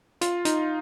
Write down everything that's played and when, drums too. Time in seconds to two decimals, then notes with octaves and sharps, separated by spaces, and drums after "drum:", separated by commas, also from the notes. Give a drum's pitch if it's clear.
0.21 F4, drum: hi-hat
0.45 D#4, drum: hi-hat